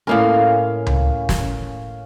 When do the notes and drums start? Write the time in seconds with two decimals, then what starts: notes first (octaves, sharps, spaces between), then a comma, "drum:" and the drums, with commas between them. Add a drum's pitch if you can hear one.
0.07 A2 A#3 C#4 A#4 F5
0.87 drum: tom C#2
1.29 drum: snare